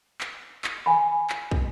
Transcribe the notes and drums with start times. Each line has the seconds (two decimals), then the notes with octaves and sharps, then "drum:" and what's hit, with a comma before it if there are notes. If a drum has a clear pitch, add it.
0.21 drum: clap
0.64 drum: clap
0.86 G#5 B5
1.30 drum: clap
1.51 drum: kick